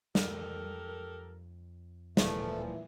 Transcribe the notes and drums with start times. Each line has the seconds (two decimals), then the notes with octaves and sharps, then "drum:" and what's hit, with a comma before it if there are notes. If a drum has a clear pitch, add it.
0.15 F2 G4 A4 A#4, drum: snare
2.17 D1 A#2 E3 F3 A3, drum: snare